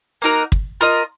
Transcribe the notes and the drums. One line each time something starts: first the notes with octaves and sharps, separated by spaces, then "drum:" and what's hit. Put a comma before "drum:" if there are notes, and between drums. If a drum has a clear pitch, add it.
A#3 D#4 F#4 A#4
drum: kick
F4 A#4 D#5